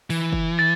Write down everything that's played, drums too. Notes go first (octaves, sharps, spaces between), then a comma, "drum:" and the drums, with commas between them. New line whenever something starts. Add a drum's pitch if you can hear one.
E3, drum: open hi-hat
drum: kick F#1
A6